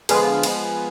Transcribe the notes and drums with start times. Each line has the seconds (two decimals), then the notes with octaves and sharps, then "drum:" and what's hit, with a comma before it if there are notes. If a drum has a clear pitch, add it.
0.09 D3 F3 G#3 B3 F4 G#4 B4, drum: cymbal
0.43 F3 G#3 B3, drum: cymbal